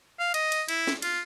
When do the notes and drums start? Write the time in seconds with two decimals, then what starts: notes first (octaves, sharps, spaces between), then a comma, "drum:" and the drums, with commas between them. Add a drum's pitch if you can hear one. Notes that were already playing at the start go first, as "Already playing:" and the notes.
0.19 F5
0.34 D#5, drum: cymbal
0.52 drum: cymbal
0.68 E4, drum: cymbal
0.87 drum: snare
1.02 F4, drum: cymbal